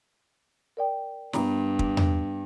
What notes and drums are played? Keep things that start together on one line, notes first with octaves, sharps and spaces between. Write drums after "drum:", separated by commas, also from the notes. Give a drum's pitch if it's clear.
A#4 D5 G5
G2 B3 A#5, drum: snare
drum: kick
drum: tom E2